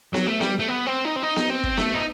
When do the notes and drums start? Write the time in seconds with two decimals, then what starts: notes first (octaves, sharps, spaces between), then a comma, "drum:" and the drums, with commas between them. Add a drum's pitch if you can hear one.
0.14 F#3, drum: snare B3
0.28 A3
0.41 G3, drum: snare B3
0.59 A3
0.68 B3
0.86 C4
1.05 D#4
1.16 C4
1.22 D#4
1.36 drum: snare B3
1.50 C4
1.63 drum: kick
1.77 A3, drum: snare B3
1.94 D#4